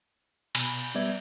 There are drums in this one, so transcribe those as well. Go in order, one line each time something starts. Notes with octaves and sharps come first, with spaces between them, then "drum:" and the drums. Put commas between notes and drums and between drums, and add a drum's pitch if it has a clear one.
B2 G#5 B5, drum: cymbal
G3 B3 D5 E5 G#6